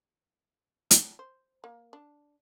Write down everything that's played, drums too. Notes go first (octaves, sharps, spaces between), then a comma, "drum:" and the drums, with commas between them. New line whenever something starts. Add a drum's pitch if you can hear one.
drum: hi-hat
C5
A#3
D4